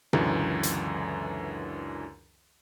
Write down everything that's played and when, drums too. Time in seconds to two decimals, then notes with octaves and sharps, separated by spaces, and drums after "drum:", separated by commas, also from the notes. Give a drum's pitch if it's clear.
0.13 C#2 F#2 D3 E3, drum: tom B2
0.63 drum: hi-hat